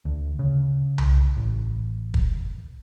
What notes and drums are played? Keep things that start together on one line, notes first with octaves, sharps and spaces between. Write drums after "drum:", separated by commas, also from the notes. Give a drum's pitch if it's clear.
D2
C#3
drum: tom C2
A1
drum: kick